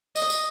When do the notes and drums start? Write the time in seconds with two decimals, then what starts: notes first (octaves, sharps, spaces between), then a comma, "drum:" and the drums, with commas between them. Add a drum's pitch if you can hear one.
0.16 D#5, drum: tambourine
0.30 drum: tambourine